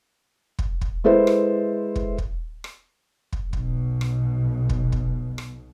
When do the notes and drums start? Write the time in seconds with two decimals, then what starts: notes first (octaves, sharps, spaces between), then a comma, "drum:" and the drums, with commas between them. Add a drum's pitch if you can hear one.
0.59 drum: kick
0.81 drum: kick
1.04 G#3 E4 A4 B4 C5 E5
1.27 drum: rim click
1.96 drum: kick
2.18 drum: kick
2.64 drum: rim click
3.33 drum: kick
3.53 B1 B2, drum: kick
4.01 drum: rim click
4.69 drum: kick
4.92 drum: kick
5.38 drum: rim click